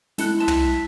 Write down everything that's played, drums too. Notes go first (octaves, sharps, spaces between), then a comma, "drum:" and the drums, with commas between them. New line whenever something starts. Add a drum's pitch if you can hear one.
G#3 E4 A4 F#5 F#6, drum: snare
E5 A5 C6
drum: tom